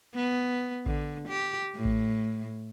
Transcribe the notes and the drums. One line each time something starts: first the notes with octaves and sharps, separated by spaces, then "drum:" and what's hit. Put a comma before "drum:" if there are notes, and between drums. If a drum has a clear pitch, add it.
B3
D3, drum: kick A1
G4
A2
drum: kick A1